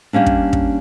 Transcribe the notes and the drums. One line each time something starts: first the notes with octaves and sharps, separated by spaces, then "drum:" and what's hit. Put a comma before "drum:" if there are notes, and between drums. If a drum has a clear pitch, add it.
G3 A#3 C#4 D4
drum: kick
drum: kick